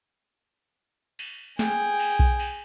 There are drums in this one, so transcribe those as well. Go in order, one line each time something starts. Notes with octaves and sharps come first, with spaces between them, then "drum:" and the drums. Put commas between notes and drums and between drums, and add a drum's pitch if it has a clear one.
drum: cymbal
G#4 G5, drum: snare
drum: cymbal
drum: kick B1
drum: cymbal